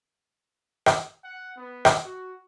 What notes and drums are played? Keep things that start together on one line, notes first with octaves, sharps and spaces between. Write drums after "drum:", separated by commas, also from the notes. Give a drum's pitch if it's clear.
drum: rim click
F#5
B3
drum: rim click
F#4